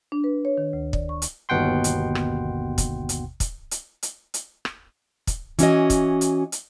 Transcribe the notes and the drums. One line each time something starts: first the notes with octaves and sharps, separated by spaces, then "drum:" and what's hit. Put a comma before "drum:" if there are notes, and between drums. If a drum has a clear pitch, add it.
D4
B4
C#5
D#3
D2
D5, drum: kick
C#6
drum: hi-hat
G1 D#2 B2 F#5 G5 C6
drum: hi-hat
drum: rim click
drum: kick, hi-hat
drum: hi-hat
drum: kick, hi-hat
drum: hi-hat
drum: hi-hat
drum: hi-hat
drum: rim click
drum: kick, hi-hat
E3 C#4 F#4 D#5, drum: hi-hat
drum: kick, hi-hat
drum: hi-hat
drum: hi-hat